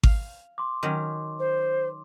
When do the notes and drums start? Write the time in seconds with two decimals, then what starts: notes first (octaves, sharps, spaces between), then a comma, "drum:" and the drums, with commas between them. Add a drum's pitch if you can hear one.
0.03 F5, drum: kick G#1
0.58 C6 D6
0.83 D#3 F#3 C#4
1.39 C5